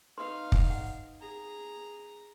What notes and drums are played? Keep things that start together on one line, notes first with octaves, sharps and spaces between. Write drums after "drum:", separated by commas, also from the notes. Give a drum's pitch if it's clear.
D#4 B4 F5 C6
drum: kick
F#5
G#4 A#5